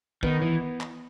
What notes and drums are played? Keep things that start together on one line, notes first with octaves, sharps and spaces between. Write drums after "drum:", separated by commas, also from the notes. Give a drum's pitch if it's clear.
D#3 B3, drum: kick
E3
drum: clap